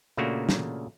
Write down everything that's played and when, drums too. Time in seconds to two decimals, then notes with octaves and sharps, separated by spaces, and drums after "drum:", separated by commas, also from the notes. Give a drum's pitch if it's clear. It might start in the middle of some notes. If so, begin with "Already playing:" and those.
0.17 A#2 C#3 A3 A#3 D4 F#4
0.49 drum: snare